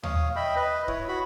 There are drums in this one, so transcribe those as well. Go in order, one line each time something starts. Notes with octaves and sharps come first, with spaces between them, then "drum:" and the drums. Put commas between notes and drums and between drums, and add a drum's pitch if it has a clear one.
C#5 F5 D#6, drum: tom D#2
D#5 E5 G5 B5
B4 D#5
E4 C#5, drum: kick D1
F#4 B5